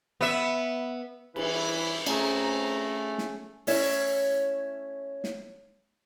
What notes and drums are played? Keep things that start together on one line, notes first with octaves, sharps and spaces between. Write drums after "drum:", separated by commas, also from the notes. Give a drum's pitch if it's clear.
B3 E5
E3 E4 B4, drum: cymbal
A3 C4 C#4 G#4 B4 A#5, drum: cymbal
drum: snare
A3 C#4 E4 C#5 E5, drum: open hi-hat
drum: snare